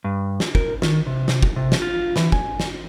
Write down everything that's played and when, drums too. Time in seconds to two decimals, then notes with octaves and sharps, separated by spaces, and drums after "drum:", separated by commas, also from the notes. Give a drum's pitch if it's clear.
0.04 G2
0.40 drum: snare
0.55 A#4, drum: kick
0.82 D#3, drum: snare
1.06 C3
1.28 drum: snare
1.43 drum: kick
1.56 C3
1.72 drum: snare
1.82 F4
2.16 E3, drum: snare
2.32 G#5, drum: kick
2.60 drum: snare